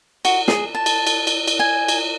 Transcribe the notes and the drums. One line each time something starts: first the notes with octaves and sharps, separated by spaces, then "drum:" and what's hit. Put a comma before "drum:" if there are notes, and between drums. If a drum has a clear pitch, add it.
F#4, drum: cymbal
G#4, drum: snare
A5
drum: cymbal
drum: cymbal
drum: cymbal
drum: cymbal
G#5
drum: cymbal